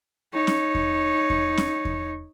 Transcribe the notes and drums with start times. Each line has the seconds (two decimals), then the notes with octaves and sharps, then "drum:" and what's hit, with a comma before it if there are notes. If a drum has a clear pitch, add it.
0.33 D#4 C#5
0.47 drum: snare C#4
0.75 drum: kick E2
1.30 drum: kick E2
1.57 drum: snare C#4
1.85 drum: kick E2